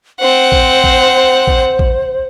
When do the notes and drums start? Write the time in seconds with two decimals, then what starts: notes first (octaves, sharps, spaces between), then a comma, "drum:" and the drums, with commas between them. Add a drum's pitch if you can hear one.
0.20 C4 C5 F#5
0.52 drum: kick A1
0.84 drum: kick A1
1.47 drum: kick A1
1.79 drum: kick A1